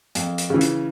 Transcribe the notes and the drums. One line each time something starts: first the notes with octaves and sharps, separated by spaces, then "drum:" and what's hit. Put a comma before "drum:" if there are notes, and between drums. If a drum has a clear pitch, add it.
F2, drum: hi-hat
drum: hi-hat
C#3 E3
drum: hi-hat